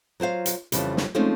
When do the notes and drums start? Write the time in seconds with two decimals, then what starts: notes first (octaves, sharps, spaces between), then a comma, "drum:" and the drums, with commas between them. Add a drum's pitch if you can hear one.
0.20 F#3 F4 C5 F5
0.46 drum: hi-hat
0.72 F2 C#3 E3 G3, drum: hi-hat
0.97 drum: snare
1.15 F3 G#3 A3 C4 C#4 D#4